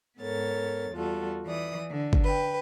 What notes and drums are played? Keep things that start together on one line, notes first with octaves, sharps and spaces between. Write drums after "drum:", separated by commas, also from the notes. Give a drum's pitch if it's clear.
G#2 B3 A4 A#4 C#5 A6
E2 G3 F4 F#4 A4
E3 D5 D#6
D3
drum: kick G1
B4 G5